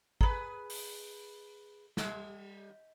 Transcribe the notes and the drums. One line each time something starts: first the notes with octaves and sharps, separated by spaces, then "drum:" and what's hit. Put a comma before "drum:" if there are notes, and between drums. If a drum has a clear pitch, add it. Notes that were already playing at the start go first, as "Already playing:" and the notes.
G#4 B4 A#5 B5, drum: kick
drum: open hi-hat
G3, drum: snare